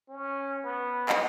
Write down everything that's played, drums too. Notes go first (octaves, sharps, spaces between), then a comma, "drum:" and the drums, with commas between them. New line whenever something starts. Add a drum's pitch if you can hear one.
C#4
B3
drum: clap